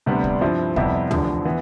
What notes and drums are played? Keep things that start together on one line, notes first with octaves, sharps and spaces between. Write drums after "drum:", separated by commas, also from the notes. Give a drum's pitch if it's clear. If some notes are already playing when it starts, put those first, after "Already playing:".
D2 C3 G3 B3 D4
drum: kick
G2 F3 C4 E4
F2 C3 G3 B3 E4, drum: kick
F1 E2 D3 F3, drum: tom
E3 B3